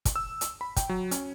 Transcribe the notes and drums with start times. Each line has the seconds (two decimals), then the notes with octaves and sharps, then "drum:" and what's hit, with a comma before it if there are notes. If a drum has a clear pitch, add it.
0.05 drum: kick, hi-hat
0.16 E6
0.41 drum: hi-hat
0.61 B5
0.76 G5, drum: kick, hi-hat
0.89 F#3
1.11 C#4, drum: hi-hat